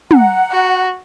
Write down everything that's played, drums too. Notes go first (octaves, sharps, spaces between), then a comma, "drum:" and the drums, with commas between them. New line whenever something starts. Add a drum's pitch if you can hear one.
F#5 A#5, drum: tom
F#4